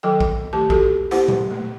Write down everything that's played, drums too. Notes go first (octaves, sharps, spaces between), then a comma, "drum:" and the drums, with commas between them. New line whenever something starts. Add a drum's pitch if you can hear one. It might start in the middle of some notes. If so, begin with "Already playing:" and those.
D#3 F#3 A4 G5
drum: kick A#1
D#3 A3 G4 A5
F#4 G4 A4, drum: kick A#1
B3 E4 G4 C5 F#5, drum: hi-hat
drum: tom A#2
A3 A#3